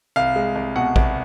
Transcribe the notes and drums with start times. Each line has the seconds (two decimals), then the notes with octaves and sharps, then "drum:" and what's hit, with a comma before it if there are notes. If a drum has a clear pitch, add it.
0.16 C2 F5
0.36 G#3
0.55 C2
0.76 B2 F#5
0.96 C2, drum: kick